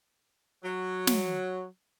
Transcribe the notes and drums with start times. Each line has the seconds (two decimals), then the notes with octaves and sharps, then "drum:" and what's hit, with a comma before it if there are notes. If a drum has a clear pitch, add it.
0.63 F#3
1.07 drum: snare